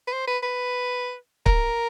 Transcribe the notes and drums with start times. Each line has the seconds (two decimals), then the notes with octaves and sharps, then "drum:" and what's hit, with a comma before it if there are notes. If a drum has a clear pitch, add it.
0.07 B4
0.13 C5
0.27 B4
0.43 B4
1.46 A#4, drum: kick C#1